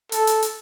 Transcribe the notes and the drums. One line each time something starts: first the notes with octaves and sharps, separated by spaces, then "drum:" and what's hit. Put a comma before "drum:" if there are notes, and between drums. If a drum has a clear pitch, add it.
A4, drum: hi-hat
drum: hi-hat
drum: hi-hat